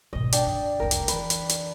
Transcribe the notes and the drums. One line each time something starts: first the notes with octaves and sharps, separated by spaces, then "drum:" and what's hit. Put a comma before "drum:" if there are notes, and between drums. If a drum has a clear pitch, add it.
G#1 B2 D#5
D4 G5, drum: hi-hat
F#2 D3
F1 C2 A#4
drum: hi-hat
D3 E3 B4, drum: hi-hat
drum: hi-hat
drum: hi-hat